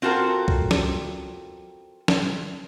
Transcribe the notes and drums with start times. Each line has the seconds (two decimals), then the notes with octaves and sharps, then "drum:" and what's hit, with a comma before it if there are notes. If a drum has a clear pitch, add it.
0.02 C4 F4 F#4 A4 A#4
0.48 drum: kick
0.71 drum: snare
2.08 drum: snare